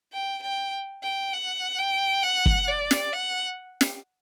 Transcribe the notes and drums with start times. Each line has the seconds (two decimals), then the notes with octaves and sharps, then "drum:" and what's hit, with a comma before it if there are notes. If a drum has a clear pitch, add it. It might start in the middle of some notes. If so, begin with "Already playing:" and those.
0.13 G5
0.43 G5
1.03 G5
1.33 F#5
1.78 G5
2.23 F#5
2.46 drum: kick
2.68 D5
2.91 drum: snare
3.13 F#5
3.81 drum: snare